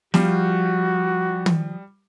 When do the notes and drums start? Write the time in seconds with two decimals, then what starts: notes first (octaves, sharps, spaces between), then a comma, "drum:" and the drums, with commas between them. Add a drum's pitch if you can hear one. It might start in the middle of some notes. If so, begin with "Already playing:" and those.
0.14 F3 G3 F#4, drum: snare
1.46 drum: tom